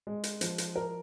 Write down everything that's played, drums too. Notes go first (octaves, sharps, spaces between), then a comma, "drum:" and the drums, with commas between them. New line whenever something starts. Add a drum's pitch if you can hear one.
G#3
drum: hi-hat
F3, drum: hi-hat
drum: hi-hat
A#4